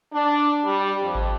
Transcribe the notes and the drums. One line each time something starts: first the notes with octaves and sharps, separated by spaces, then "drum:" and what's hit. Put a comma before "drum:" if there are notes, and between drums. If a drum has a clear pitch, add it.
D4
G3
F2
drum: kick G#1